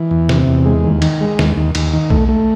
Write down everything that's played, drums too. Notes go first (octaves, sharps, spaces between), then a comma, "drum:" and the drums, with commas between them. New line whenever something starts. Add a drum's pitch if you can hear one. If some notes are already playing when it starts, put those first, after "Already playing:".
Already playing: E3
E2
C3, drum: snare
E2
G#3
D#2
D#3, drum: cymbal
G#3
D#2, drum: snare
D#2
D#2, drum: cymbal
D#3
A3, drum: kick B1
A3